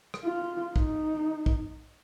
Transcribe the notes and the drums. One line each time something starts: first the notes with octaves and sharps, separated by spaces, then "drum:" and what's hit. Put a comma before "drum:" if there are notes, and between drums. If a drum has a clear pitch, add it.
drum: rim click
F4
D#4, drum: kick
drum: kick